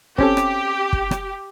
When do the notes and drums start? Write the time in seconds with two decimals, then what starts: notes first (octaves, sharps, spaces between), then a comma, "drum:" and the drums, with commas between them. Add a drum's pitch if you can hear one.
0.18 C4 C#4 G4 A4, drum: kick
0.37 drum: rim click
0.93 drum: kick
1.11 drum: rim click